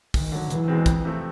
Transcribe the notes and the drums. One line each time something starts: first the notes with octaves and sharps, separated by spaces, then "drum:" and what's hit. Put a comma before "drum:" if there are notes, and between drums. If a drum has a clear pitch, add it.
D2 D#3, drum: kick, open hi-hat
D3 F#3
E1 E3, drum: hi-hat
E2 B2 G#3 C4
F2, drum: kick, hi-hat
C3 F3 A3 C4